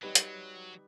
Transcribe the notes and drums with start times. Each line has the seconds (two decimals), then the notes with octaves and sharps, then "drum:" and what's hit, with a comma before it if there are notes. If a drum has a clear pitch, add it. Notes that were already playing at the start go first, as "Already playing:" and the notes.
0.03 F#3 G3 D#4 G4 B4
0.15 drum: hi-hat